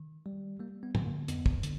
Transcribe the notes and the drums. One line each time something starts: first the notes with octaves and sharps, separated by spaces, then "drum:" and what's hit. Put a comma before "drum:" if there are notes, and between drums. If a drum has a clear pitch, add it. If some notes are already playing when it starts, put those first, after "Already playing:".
Already playing: D#3
G3
G3 A#3
B3
D3, drum: tom
A#3
F2 B3, drum: hi-hat
drum: kick
D3, drum: hi-hat